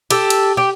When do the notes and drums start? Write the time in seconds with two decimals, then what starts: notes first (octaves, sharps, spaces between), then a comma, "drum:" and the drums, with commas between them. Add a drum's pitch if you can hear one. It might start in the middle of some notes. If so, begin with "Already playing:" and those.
0.10 G4 A4, drum: cymbal
0.30 drum: cymbal
0.57 G4